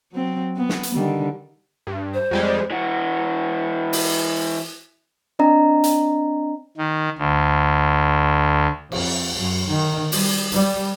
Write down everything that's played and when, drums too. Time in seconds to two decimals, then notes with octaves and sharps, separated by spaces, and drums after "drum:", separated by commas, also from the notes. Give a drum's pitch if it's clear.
0.12 F#3 C4
0.57 B3
0.69 drum: snare
0.83 drum: hi-hat
0.94 D3 D#3 G3
1.87 G2
2.14 C5
2.31 F2 G3 G#3
2.71 E3 F#4
3.93 drum: open hi-hat
5.39 C4 D4 D#5 A#5
5.84 drum: hi-hat
6.78 D#3
7.18 D2
8.92 F2, drum: cymbal
9.37 F#2
9.70 D#3
10.12 G3, drum: open hi-hat
10.52 G3, drum: hi-hat